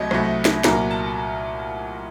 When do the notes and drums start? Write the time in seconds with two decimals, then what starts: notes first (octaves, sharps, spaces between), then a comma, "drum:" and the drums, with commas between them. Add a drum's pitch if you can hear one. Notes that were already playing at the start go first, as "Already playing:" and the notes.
Already playing: C2 C3 F#3 A3 C#5 D#5
0.11 C2 C3 F#3 A3, drum: rim click
0.45 drum: snare
0.64 C2 A#2 F#3 A#3 A#5, drum: snare
0.91 A5